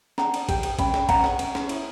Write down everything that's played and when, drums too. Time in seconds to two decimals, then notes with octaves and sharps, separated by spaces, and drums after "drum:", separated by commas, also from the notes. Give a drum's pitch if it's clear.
0.18 D4 F#5 A#5, drum: snare
0.34 D4, drum: cymbal
0.49 G4, drum: kick A1, cymbal
0.63 B4, drum: cymbal
0.79 C#4 G5 B5, drum: kick A1, cymbal
0.94 C#4, drum: snare
1.09 C#4 F#5 A#5, drum: kick A1, cymbal
1.24 B4, drum: snare
1.39 C#4, drum: cymbal
1.55 C#4, drum: snare
1.69 E4, drum: cymbal